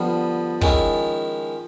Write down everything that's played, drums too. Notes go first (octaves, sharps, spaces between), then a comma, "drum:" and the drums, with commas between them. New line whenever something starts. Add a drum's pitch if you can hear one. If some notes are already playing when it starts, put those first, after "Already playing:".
Already playing: D3 F3 G3 B3
D#3 G#3 C#4 E4, drum: kick